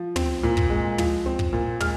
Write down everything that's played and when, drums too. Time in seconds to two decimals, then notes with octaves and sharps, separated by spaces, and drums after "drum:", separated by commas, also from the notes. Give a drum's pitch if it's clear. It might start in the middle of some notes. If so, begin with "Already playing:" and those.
Already playing: F3
0.16 C4, drum: tom
0.43 A#2
0.57 drum: kick
0.70 G#3
0.98 F3, drum: tom
1.26 C4
1.39 drum: kick
1.53 A#2
1.80 G#3 F6, drum: tom